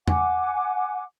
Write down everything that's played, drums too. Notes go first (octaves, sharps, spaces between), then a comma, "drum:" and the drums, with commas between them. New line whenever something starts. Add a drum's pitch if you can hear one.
F#5 G#5 D6, drum: tom E2